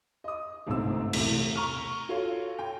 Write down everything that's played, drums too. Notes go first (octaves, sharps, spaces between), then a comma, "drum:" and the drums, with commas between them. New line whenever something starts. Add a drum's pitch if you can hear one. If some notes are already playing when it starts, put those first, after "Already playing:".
D#5 D#6
G1 C2 G#2 A3 C4 E6
E1 C2 C3 A3 E4 B6, drum: cymbal
A#5 C#6 F6
F4 F#4 A4 C#5 F5
G5